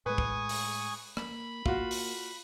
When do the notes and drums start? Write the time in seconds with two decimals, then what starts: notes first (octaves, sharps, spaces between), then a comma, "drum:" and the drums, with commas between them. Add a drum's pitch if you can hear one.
0.06 A2 G#3 B4 G#5 C#6 D#6
0.18 drum: kick
0.49 drum: open hi-hat
1.17 A#3 B5, drum: rim click
1.66 A#3 F4 F#4, drum: kick
1.91 drum: open hi-hat